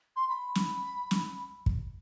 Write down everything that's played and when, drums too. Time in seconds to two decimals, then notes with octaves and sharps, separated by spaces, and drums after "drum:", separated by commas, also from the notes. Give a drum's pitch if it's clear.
0.16 C6
0.28 B5
0.55 drum: snare
1.11 drum: snare
1.66 drum: kick